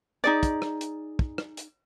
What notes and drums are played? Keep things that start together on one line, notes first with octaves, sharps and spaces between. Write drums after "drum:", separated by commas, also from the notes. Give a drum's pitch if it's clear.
D#4 G#4 D5
drum: kick, hi-hat
drum: rim click
drum: hi-hat
drum: kick
drum: rim click
drum: hi-hat